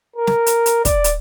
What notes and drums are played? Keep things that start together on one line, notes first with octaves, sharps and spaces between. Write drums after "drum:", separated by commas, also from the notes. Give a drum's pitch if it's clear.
A#4
drum: snare
drum: hi-hat
drum: hi-hat
D5, drum: kick, hi-hat
drum: hi-hat